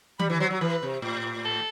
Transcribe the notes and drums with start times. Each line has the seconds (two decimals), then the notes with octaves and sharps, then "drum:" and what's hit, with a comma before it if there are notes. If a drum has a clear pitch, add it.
0.19 G3 B5, drum: tom D#3
0.30 E3
0.40 F#3 C5
0.50 F#3
0.61 E3 B4
0.83 C3
1.02 A2
1.45 A4